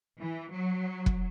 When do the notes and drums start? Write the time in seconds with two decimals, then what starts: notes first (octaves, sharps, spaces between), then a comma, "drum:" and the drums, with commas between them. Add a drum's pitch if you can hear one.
0.20 E3
0.52 F#3
1.06 drum: kick